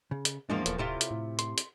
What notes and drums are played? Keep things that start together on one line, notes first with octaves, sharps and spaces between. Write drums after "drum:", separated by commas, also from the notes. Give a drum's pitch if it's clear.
C#3
drum: hi-hat
E2 F3 G#3 A#3 D4
D#1 A4 B4 C#5, drum: hi-hat
C3 E4 F4
drum: hi-hat
A2
C6, drum: hi-hat
drum: hi-hat